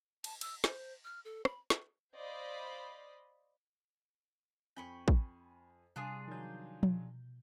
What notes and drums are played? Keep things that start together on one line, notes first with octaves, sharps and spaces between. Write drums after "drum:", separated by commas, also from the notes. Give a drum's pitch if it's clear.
A5, drum: cymbal
E6, drum: cymbal
C5, drum: snare
F6
A4
B5, drum: rim click
drum: snare
C5 D5 D#5 F5 B5
F2 G5 G#5 B5 C#6
drum: kick
C3 G3 D4 F4 G#4
D#3 F3 F#3 G6
B2, drum: tom F3